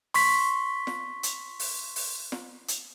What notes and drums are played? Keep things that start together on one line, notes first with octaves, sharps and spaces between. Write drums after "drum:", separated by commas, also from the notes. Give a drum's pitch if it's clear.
C6 C#6 B6, drum: open hi-hat
drum: snare
drum: hi-hat
drum: open hi-hat
drum: open hi-hat
drum: snare
drum: hi-hat